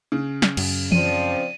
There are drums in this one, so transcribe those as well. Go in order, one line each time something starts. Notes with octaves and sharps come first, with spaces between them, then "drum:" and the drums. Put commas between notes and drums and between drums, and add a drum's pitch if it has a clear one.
C#3
drum: snare
F#2, drum: cymbal
F3 C4 D5 D#7, drum: tom E3